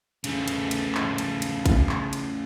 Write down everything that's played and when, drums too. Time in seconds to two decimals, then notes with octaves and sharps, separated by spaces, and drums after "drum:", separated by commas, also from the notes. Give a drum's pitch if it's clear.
0.24 C#3 A3, drum: cymbal
0.48 drum: cymbal
0.71 drum: cymbal
0.95 drum: clap
1.18 drum: cymbal
1.42 drum: cymbal
1.66 drum: kick A#1, cymbal
1.89 drum: clap
2.13 drum: cymbal